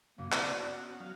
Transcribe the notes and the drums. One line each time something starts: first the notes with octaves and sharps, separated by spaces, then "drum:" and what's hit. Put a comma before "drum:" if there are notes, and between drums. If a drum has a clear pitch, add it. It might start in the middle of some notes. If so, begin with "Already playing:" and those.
F#2 C#3 A#3
B3 C4 E4 D5, drum: clap
C#4 F#4 D5
B3
F#3 F5